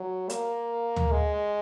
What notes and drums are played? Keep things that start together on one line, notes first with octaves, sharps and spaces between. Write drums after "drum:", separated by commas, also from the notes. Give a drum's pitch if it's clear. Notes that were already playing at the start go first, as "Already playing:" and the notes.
Already playing: F#3
A#3, drum: hi-hat
drum: tom
G#3